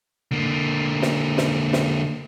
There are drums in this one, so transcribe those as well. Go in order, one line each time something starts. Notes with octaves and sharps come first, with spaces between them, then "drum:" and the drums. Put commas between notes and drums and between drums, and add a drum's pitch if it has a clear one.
D3 A#3
drum: snare
drum: snare
drum: snare